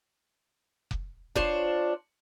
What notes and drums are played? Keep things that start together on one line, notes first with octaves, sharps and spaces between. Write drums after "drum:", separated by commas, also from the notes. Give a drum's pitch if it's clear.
drum: kick F1
D4 F4 C5 C#5, drum: kick F1